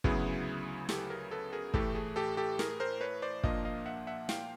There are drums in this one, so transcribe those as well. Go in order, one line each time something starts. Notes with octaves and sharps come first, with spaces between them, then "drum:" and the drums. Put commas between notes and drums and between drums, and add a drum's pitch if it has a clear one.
D2 C#3 F#3 B3 E4 G#4, drum: kick
G4 A4, drum: snare
G#4 A#4
A4 B4
G#4 A#4
A2 E3 A3 G4 A4, drum: kick
G#4
G4 A4
G4 A4
G#4 A#4, drum: snare
A#4 C5
B4 C#5
C5 D5
A#2 F3 A#3 D4 D#5 F5, drum: kick
D#5 F5
E5 F#5
E5 F#5
F5 G5, drum: snare